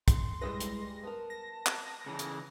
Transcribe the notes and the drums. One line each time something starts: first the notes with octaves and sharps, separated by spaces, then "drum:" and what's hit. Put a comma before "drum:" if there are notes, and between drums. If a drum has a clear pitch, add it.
C6, drum: kick, hi-hat
G3 G#3 E4 G#4 B4 A#6
drum: hi-hat
B3 A#4 A5
A#6
drum: clap
C#3 E3
drum: hi-hat